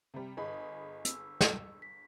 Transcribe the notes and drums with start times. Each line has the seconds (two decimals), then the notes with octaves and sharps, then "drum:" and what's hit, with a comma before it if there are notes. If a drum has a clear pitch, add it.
0.14 C3 G3
0.37 G1 G#4 D#5 B5
1.05 E6, drum: hi-hat
1.41 drum: snare
1.82 B6